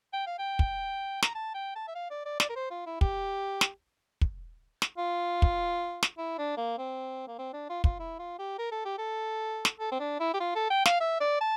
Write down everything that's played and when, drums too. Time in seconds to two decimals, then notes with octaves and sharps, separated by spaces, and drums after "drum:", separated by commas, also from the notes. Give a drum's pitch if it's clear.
0.13 G5
0.27 F5
0.39 G5
0.59 drum: kick
1.22 A#5, drum: snare
1.35 A5
1.54 G5
1.75 A5
1.88 E5
1.95 F5
2.11 D5
2.25 D5
2.40 D5, drum: snare
2.50 A#4
2.56 C5
2.71 F4
2.86 E4
3.01 G4, drum: kick
3.61 drum: snare
4.21 drum: kick
4.82 drum: snare
4.98 F4
5.42 drum: kick
6.03 drum: snare
6.18 E4
6.38 D4
6.57 A#3
6.78 C4
7.28 A#3
7.38 C4
7.53 D4
7.69 F4
7.84 F4, drum: kick
7.99 E4
8.19 F4
8.39 G4
8.59 A#4
8.72 A4
8.85 G4
8.98 A4
9.65 drum: snare
9.80 A4
9.92 C4
10.00 D4
10.20 E4
10.34 G4
10.40 F4
10.55 A4
10.70 G5
10.86 F5, drum: snare
11.01 E5
11.20 D5
11.41 A5